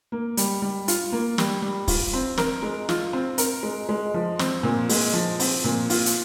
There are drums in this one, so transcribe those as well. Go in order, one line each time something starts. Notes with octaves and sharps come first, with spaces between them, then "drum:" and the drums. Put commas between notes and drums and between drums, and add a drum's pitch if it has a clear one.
A#3
G3, drum: hi-hat
G3
F4, drum: hi-hat
A#3
G3, drum: snare
G3
F4, drum: kick, open hi-hat
C4
A#4, drum: snare
G#3
F4, drum: snare
C4
A#4, drum: hi-hat
G#3
G#3
F3
C4, drum: snare
A#2
G#3, drum: open hi-hat
F3
C4, drum: open hi-hat
A#2
F4, drum: open hi-hat
drum: hi-hat